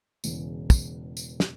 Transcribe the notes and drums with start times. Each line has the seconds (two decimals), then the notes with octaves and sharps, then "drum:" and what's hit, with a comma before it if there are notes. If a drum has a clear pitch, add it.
0.24 E1 E2 C#3, drum: tambourine
0.70 drum: kick, tambourine
1.17 drum: tambourine
1.40 drum: snare